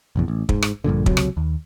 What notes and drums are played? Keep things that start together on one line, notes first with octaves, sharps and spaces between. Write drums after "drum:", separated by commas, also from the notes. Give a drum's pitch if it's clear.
F1 A#1 E2
A1
G#2, drum: kick
drum: rim click
A#1 G2 A#2 D3
C#2 C3 F#3, drum: kick
drum: rim click
D#2